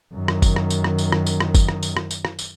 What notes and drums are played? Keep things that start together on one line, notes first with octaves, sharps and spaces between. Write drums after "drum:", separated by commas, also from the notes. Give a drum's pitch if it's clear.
F#2 D#3
drum: rim click
drum: kick G1, tambourine
drum: rim click
drum: tambourine
drum: rim click
drum: tambourine
drum: rim click
drum: tambourine
drum: rim click
drum: kick G1, tambourine
drum: rim click
drum: tambourine
drum: rim click
drum: tambourine
drum: rim click
drum: tambourine